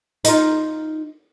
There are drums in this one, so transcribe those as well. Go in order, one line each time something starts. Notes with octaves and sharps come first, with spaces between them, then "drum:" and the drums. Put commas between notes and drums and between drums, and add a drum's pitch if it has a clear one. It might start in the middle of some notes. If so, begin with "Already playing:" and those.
D#4 F4, drum: hi-hat